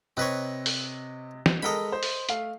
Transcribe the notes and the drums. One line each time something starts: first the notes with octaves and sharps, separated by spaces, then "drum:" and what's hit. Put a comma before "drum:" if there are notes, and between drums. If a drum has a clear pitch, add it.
C3 C4 B4 C#5 D#5 F#6
drum: open hi-hat
drum: snare
G#3 A4 A#4 D#5 G5 B5
C5
drum: open hi-hat
A3 F5, drum: hi-hat